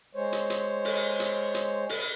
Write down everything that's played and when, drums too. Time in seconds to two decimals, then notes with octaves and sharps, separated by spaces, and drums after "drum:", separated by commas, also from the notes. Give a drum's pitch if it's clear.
0.15 G#3 C5 C#5
0.32 drum: hi-hat
0.50 drum: hi-hat
0.85 drum: open hi-hat
1.20 drum: hi-hat
1.54 drum: hi-hat
1.89 drum: open hi-hat